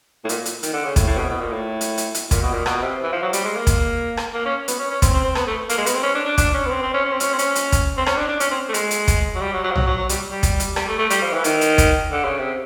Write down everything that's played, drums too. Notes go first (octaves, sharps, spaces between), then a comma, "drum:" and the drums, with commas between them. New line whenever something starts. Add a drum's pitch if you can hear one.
A2
A#2, drum: hi-hat
drum: hi-hat
D#3, drum: hi-hat
D3
C#3
A2, drum: kick, hi-hat
A2
C3
B2
B2
A#2
A2
drum: hi-hat
drum: hi-hat
drum: hi-hat
A#2, drum: kick, hi-hat
B2
A#2
B2, drum: rim click
C3
E3
F3
F#3
G3, drum: hi-hat
G#3
A#3
drum: kick, hi-hat
drum: rim click
A#3
C#4
B3, drum: hi-hat
C#4
C#4
C4, drum: kick, hi-hat
C4
C4
B3, drum: rim click
A3
A#3, drum: hi-hat
G#3
B3, drum: hi-hat
C4
C#4
D4
D4
D4, drum: kick, hi-hat
C#4
B3
C4
C4
C#4
C#4
C4
C#4, drum: hi-hat
C4
C#4, drum: hi-hat
drum: hi-hat
drum: kick, hi-hat
C4
C#4, drum: rim click
D4
D4
C#4, drum: hi-hat
C4
A3
G#3, drum: hi-hat
drum: hi-hat
drum: kick, hi-hat
F#3
G3
F#3
F#3
F3
F#3, drum: tom
F#3
F#3
G3, drum: hi-hat
G3
drum: kick, hi-hat
drum: hi-hat
G3, drum: rim click
A3
A3
G3, drum: hi-hat
F3
E3
D#3, drum: hi-hat
drum: hi-hat
drum: kick, hi-hat
D3
C#3
C3